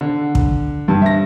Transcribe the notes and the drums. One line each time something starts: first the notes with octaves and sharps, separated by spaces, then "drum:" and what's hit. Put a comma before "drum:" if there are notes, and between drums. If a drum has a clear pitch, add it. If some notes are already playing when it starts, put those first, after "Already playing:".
D3
drum: kick
G2
E5 A#6